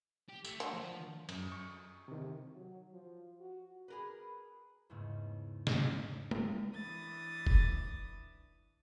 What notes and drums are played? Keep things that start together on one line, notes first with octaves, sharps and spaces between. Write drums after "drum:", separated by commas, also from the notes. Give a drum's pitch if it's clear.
G4
A3, drum: tambourine
F#3 D4 C5, drum: hi-hat
F3
F#2, drum: cymbal
C#6
C3 D#3
F#3
F3
F#4
G#4 A#4 B4
E2 G#2 C#3 A3
drum: snare
drum: tom
E3 D4 D#6 A6
drum: kick F1